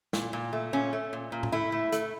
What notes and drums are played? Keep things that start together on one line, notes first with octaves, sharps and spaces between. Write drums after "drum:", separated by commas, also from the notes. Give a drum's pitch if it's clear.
A#2, drum: snare
A#2
A3
A#2 C#4
A3
A#2
A#2
drum: tom A2
A3 E4
A3
A3, drum: hi-hat